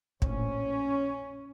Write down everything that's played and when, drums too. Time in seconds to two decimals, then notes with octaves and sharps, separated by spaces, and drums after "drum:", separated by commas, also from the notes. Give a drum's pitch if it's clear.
0.22 A#1 A2 C#4, drum: kick